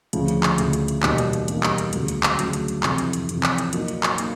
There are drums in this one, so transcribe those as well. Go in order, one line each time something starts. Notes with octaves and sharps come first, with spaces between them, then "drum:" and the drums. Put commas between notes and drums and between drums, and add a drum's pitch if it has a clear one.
D2 C#3 F3, drum: hi-hat
drum: hi-hat
drum: clap
D2 C#3 F3, drum: hi-hat
drum: hi-hat
drum: hi-hat
E2 B2 G3 A#3 D#4, drum: clap
drum: hi-hat
drum: hi-hat
E2 B2 G3 A#3 D#4, drum: hi-hat
drum: clap
drum: hi-hat
D2 C#3 F#3, drum: hi-hat
drum: hi-hat
drum: clap
D2 C#3 F#3, drum: hi-hat
drum: hi-hat
drum: hi-hat
F2 C3 E3, drum: clap
drum: hi-hat
drum: hi-hat
F2 C3 E3, drum: hi-hat
drum: clap
drum: hi-hat
A#2 F#3 A#3 D#4, drum: hi-hat
drum: hi-hat
drum: clap
A#3 D#4, drum: hi-hat